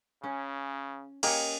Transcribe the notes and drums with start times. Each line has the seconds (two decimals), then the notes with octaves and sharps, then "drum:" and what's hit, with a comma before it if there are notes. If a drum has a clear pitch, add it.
0.24 C#3 C#4
1.23 A#3 C#4 G4 C#5 D#5, drum: cymbal